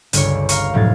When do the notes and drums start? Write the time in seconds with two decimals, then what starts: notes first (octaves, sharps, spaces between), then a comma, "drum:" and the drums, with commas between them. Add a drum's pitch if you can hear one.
0.13 G1 C#2 C#5, drum: hi-hat
0.49 F5 A#5 C#6, drum: hi-hat
0.73 F1 A2 F#3 F5 G#6 A6